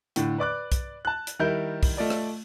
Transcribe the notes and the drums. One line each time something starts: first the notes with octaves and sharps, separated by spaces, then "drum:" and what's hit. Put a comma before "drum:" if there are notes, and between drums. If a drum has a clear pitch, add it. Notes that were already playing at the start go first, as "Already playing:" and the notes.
A2 D3, drum: hi-hat
B4 D5 D6 F#6
drum: kick B1, hi-hat
A5 F#6
drum: hi-hat
D#3 G3 E4 A#4 G6
drum: kick B1, open hi-hat
A3 F4 D5 D#5
drum: rim click